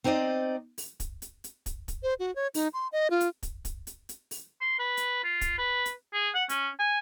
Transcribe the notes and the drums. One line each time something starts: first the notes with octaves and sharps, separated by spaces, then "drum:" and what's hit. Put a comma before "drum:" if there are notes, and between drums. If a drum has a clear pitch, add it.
C4 D#4 C5 D5 D#5
drum: open hi-hat
drum: kick, hi-hat
drum: hi-hat
drum: hi-hat
drum: kick, hi-hat
drum: kick, hi-hat
C5
F#4
C#5
D#4, drum: open hi-hat
C6
D#5
F4
drum: hi-hat
drum: kick, hi-hat
drum: kick, hi-hat
drum: hi-hat
drum: hi-hat
drum: open hi-hat
C6
B4
drum: hi-hat
F4
drum: kick, hi-hat
B4
drum: hi-hat
G#4
F#5
C#4, drum: hi-hat
G#5